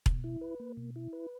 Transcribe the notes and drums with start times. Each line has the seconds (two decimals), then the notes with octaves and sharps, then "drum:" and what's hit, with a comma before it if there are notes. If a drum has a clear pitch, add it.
0.06 B2, drum: kick E1
0.24 E4
0.41 B4
0.60 A#3
0.77 B2
0.96 E4
1.13 B4